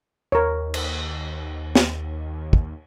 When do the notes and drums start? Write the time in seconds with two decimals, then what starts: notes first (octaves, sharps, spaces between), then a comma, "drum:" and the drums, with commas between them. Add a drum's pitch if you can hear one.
0.32 D#2 A#4 C#5
0.74 drum: cymbal
1.75 drum: snare
2.53 drum: kick